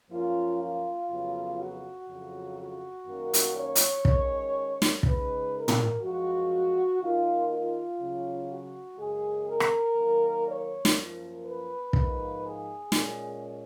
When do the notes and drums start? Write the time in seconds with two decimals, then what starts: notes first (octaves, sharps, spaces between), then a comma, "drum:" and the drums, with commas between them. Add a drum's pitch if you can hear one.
0.10 F#2 F3 A#3 C#4 F4
0.60 F4
1.09 F2 C#3 F#3 B3
1.58 F#4
2.08 F2 C#3 F#3
2.57 F#4
3.06 F#2 D#3 A#3 C#4
3.34 drum: hi-hat
3.55 C#5
3.76 drum: hi-hat
4.05 D#3 G#3 C#4, drum: kick
4.82 drum: snare
5.03 C#3 G#3 D#4 B4, drum: kick
5.53 A#4
5.68 drum: tom
6.02 F#2 F3 G#3 F#4
7.01 D#3 A#3 D#4 F4
7.50 F4
7.99 C#3 F#3 C#4
8.48 F#4
8.97 F#2 C#3 G#3 G#4
9.47 A#4
9.60 drum: rim click
9.96 D#3 F#3 A#3
10.46 C#5
10.85 drum: snare
10.95 F#2 F3 A#3
11.44 B4
11.93 G#2 F3 A#3 D#4, drum: kick
12.43 G#4
12.92 A#2 G#3 C#4, drum: snare